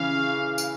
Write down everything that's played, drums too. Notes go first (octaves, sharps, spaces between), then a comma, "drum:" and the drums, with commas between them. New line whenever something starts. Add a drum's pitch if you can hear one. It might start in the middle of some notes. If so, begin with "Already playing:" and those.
Already playing: C#3 E3 C#4 F5
drum: tambourine